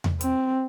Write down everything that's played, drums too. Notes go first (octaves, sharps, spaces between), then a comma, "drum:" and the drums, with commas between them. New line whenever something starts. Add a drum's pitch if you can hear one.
drum: tom E2
C4, drum: hi-hat